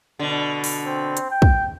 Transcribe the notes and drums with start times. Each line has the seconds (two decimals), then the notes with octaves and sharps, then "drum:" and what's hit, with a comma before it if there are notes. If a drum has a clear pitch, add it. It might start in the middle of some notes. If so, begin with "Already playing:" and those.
0.19 B2 D3
0.64 drum: open hi-hat
0.85 C4
1.17 drum: hi-hat
1.30 G5
1.42 drum: kick